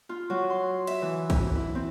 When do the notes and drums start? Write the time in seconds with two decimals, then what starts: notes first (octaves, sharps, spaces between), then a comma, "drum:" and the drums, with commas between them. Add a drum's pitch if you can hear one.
0.09 F4
0.30 F#3
0.50 C6
0.87 E5, drum: cymbal
1.02 E3
1.30 drum: kick, cymbal
1.55 E4
1.75 C4